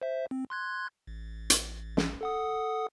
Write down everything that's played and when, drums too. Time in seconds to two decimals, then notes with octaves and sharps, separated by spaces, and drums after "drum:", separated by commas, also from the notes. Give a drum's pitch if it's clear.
0.02 C5 E5
0.31 C4
0.50 C6 F#6 G#6
1.07 A1
1.50 drum: hi-hat
1.97 drum: snare
2.21 A4 F#5 D#6